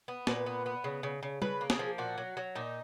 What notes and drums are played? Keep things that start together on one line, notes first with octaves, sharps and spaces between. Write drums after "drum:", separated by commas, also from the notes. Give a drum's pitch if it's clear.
B3
A#2 B4, drum: snare
B3
B3
C#3
C#3
C#3
C#3 B4, drum: tom
A#3
G#4, drum: snare
F3
A#2 F#4
F#3
F#3
A#2 D#4